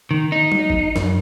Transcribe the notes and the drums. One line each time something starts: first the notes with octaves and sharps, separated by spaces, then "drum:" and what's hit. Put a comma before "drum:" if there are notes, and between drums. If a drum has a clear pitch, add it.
D#3
D#4
drum: tom F#3
drum: kick
F#2, drum: snare